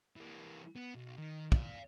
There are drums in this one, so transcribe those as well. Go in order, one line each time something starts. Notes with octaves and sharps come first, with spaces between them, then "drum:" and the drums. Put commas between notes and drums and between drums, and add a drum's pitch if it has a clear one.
E3 A#3
B3
B1
D#3
D5 F5, drum: kick